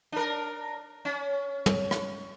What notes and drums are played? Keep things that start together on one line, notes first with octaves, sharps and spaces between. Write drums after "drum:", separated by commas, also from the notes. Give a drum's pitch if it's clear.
D4 A#4
C#4
drum: tom
drum: rim click